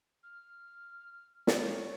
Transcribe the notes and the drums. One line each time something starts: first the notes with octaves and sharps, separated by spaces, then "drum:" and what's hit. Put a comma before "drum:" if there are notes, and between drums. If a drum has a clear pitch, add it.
F6
drum: snare
G#3 C#5 F5